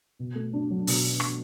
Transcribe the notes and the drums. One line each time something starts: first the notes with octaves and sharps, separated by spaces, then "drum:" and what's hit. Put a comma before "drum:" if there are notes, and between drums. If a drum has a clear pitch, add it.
B2
A3
D4
F#3
B2, drum: open hi-hat
drum: rim click